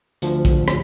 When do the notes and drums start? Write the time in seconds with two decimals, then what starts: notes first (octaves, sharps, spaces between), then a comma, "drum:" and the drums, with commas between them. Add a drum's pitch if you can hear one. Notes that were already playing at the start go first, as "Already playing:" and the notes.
0.22 D2 F3, drum: hi-hat
0.45 drum: kick, hi-hat
0.68 drum: rim click